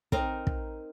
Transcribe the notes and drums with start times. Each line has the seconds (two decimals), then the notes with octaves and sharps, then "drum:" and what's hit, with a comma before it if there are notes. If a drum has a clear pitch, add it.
0.12 C4 D#4 A#4, drum: kick
0.47 drum: kick